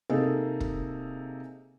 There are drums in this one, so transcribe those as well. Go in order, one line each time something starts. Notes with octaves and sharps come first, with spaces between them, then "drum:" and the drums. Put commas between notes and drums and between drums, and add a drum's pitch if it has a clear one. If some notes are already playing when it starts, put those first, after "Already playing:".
C3 A#3 D#4 G#4 A4
drum: kick